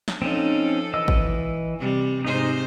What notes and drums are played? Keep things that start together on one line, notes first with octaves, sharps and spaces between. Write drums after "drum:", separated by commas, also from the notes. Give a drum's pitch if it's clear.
drum: snare
F3 C4 C#4 D#4 A4
E3 D#5 E6
drum: kick G#1
C3 G3
G#2 C3 D#4 C5